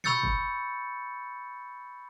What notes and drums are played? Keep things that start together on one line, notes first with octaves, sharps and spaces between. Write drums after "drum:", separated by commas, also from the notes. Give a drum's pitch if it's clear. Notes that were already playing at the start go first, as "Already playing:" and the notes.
B5 C#6 E6 G6 A6 C#7, drum: tom A#2
drum: kick